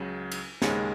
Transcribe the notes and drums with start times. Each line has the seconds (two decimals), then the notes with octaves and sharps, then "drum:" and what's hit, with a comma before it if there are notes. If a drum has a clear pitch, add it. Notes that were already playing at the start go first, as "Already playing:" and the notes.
Already playing: C#2 C#3 F#3
0.32 drum: cymbal
0.62 D#2 C#3 G#3 C#4, drum: snare